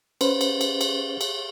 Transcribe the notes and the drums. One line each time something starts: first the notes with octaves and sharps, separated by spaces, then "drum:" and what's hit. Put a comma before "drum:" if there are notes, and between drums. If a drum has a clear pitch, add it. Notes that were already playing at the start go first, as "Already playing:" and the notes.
C#4 B4 C5, drum: cymbal
drum: cymbal
drum: cymbal
drum: cymbal
drum: cymbal